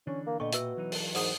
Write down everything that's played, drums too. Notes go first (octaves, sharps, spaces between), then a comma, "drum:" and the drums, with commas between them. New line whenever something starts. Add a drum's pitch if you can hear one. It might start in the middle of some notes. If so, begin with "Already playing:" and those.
D3 E3 C#4 D4
A#3
A#2 D3 B3 D#5 G5 C#6
B2 E5 E6, drum: hi-hat
E3 F#3 D#4
drum: open hi-hat
G#2 F#5 D#6, drum: open hi-hat